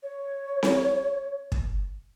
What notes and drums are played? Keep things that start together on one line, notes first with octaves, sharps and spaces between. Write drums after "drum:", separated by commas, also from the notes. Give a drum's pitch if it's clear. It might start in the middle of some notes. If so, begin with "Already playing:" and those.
C#5
drum: snare C4
drum: kick